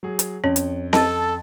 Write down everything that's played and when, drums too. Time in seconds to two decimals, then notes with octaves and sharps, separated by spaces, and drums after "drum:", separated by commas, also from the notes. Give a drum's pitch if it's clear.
0.03 F#3 G#4
0.19 drum: hi-hat
0.44 F2 C#4 C#5
0.56 drum: hi-hat
0.93 A4 D#5 A5 A6, drum: snare C4